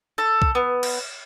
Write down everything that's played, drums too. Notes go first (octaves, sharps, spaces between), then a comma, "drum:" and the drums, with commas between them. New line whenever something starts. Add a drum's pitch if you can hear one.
A4
drum: kick B1
B3
drum: cymbal